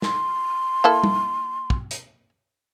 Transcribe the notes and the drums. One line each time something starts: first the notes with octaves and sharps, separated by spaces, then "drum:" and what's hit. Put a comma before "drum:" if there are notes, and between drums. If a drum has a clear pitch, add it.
C6, drum: snare
A#3 E4 A4
drum: tom
drum: kick
drum: hi-hat